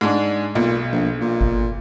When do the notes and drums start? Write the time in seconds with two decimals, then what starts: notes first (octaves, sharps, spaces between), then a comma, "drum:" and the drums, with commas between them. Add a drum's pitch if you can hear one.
0.01 G#2 G#3 D4
0.55 B1 A#2
0.92 A#1
1.21 A#2
1.41 drum: kick G1